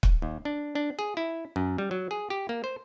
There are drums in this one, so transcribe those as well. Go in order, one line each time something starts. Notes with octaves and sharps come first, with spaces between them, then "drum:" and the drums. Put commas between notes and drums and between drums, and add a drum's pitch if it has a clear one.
drum: kick
D#2
D4
D4
G#4
E4
F#2
G3
F#3
G#4
G4
A#3
C5